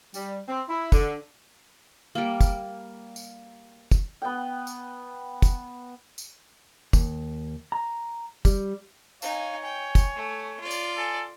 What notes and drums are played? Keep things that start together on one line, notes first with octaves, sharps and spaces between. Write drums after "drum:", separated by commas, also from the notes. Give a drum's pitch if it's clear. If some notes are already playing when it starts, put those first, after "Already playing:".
G3, drum: tambourine
C4
E4
D3, drum: kick, tambourine
G3 A#3
drum: kick, tambourine
drum: tambourine
drum: kick, tambourine
B3 G5
drum: tambourine
drum: kick, tambourine
drum: tambourine
D#2, drum: kick, tambourine
A#5
G3, drum: kick, tambourine
D#4 C#5 F5 G#5, drum: tambourine
G5 G#5
drum: kick, tambourine
A3
F4 D5
drum: tambourine
A4 G#5